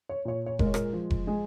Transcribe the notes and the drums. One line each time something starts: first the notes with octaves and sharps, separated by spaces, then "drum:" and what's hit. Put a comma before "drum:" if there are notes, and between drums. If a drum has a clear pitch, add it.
C#5
A#2 C#5
C#5
G#3 A#4, drum: kick F1
C#5
A#4, drum: rim click
F3
drum: kick F1
G#3 G#4